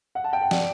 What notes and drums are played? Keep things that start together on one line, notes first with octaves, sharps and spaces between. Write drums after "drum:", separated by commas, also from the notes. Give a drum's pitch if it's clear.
F#5
A5
G5
F#5
D5, drum: snare